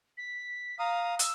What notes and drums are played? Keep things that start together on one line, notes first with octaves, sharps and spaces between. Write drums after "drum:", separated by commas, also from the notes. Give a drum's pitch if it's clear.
B6
F5 A#5 D#6
E6, drum: hi-hat